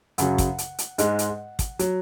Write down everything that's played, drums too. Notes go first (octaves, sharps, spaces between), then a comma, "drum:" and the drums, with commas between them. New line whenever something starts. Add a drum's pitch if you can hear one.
F#2 C#3 F#3 F#5, drum: hi-hat
drum: kick, hi-hat
drum: hi-hat
drum: hi-hat
G#2 G#3, drum: hi-hat
drum: hi-hat
drum: kick, hi-hat
F#3, drum: hi-hat